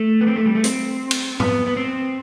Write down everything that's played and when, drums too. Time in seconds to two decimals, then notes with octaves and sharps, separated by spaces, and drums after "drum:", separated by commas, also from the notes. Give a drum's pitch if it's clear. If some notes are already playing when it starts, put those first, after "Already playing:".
Already playing: A3
0.21 B3
0.27 C4
0.36 A3
0.46 G3
0.55 A3
0.64 C4, drum: hi-hat
1.11 drum: cymbal
1.40 B3, drum: tom G#2
1.67 B3
1.77 C4